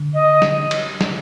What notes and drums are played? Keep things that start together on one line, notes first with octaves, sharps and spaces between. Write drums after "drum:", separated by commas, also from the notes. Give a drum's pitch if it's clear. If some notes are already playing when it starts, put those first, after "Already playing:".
Already playing: D3
D#5
drum: snare
drum: cymbal
D5, drum: snare